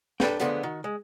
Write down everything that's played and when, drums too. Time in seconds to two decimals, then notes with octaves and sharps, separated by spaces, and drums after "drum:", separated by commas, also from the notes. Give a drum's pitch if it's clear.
0.20 D4 A4 B4 G5, drum: snare
0.40 D3 F3 G#3 A3 B3, drum: hi-hat
0.63 D#3 F#4
0.84 G#3